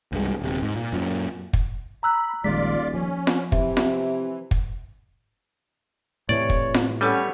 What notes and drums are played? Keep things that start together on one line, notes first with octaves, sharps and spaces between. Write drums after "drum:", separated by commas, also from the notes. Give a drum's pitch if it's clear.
C2 G2 G#3
D#1 C3
G#2
A#2
F#2 A#2
drum: kick
A#5 B5 E6 F#6
D#1 A#1 D#3 G#3 F4 D5 B6
F3 C#4
drum: snare F4
C3 E3 E5, drum: kick
drum: snare F4
drum: kick
A2 C3 E3 C#5 D5
drum: kick
drum: snare F4
G3 A3 B3 C#4 C#5